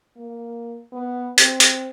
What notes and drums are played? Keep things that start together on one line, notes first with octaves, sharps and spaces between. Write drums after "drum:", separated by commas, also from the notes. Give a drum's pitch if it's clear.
A#3
B3
C4, drum: hi-hat
drum: hi-hat